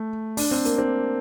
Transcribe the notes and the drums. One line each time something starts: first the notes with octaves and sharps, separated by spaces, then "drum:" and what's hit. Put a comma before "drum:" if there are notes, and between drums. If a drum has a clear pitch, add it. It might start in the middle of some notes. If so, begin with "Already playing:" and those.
Already playing: A3
D4, drum: open hi-hat
C4
A#3, drum: hi-hat
C4